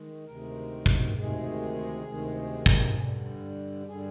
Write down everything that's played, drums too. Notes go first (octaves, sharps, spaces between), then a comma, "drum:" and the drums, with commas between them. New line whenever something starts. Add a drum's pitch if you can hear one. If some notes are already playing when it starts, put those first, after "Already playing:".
Already playing: D#3 G#3
D2 C3 D#3 G#3 A#4
drum: kick
D2 C3 D#3 G#3 G#4
D2 C3 D#3 G#3
drum: kick
G2 D3 G3
G4
G2 D3 G3 G#4